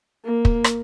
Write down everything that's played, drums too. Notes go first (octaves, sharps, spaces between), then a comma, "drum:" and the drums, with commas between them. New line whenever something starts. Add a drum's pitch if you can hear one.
A#3
drum: kick
drum: rim click